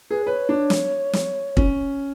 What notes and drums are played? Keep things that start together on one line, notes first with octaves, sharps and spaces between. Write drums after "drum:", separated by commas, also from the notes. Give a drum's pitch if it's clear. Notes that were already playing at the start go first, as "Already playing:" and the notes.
G#4 B4
B4 C#5
D4
drum: snare
drum: snare
C#4, drum: kick